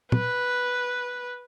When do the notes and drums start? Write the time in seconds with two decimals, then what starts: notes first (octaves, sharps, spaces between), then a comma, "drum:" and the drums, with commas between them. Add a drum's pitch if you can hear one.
0.12 B4, drum: tom